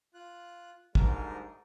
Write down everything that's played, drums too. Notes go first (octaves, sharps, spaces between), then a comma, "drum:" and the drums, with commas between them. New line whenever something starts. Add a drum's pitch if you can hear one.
F4 F#6
D2 G#2 G3 A#4, drum: kick